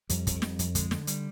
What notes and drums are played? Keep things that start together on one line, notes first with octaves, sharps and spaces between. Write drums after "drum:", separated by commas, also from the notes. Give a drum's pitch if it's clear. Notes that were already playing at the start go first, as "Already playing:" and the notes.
F2 G3, drum: hi-hat
F2, drum: kick, hi-hat
F2, drum: snare
F2, drum: hi-hat
D3 G#3, drum: kick, hi-hat
D3, drum: snare
G3, drum: hi-hat